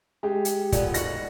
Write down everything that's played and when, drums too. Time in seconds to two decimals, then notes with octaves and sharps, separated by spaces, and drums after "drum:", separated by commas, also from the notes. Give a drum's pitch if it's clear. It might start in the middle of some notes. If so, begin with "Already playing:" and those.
0.23 G#3 G4
0.45 drum: hi-hat
0.72 A#2 D3 B3, drum: kick, hi-hat
0.94 G#2 F#4 F#5 A#6, drum: hi-hat